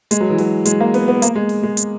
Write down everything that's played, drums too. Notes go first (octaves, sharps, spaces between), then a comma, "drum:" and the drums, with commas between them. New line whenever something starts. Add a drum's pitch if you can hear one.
G#3, drum: hi-hat
F#3
E3
F#3, drum: open hi-hat
G#3, drum: hi-hat
A#3
B3, drum: open hi-hat
B3
A#3, drum: hi-hat
G#3
drum: open hi-hat
G#3
drum: hi-hat